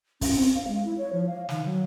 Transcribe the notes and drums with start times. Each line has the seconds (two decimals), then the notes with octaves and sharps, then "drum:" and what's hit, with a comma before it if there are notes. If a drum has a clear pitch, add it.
0.21 C#4, drum: kick, open hi-hat
0.35 C4
0.55 F5
0.68 G#3
0.85 E4
0.98 C#5
1.13 F3
1.27 F5
1.49 D#3, drum: snare
1.65 F#3